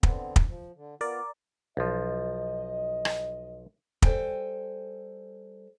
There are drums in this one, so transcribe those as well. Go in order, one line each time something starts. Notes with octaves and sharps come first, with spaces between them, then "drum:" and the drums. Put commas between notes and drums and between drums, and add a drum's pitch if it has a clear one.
D3 B3 C4, drum: kick
drum: kick
F3
D3
B3 F4 A#4 D5
B1 F3 D#5
drum: rim click
G3 A4 C5 G5 G#5, drum: kick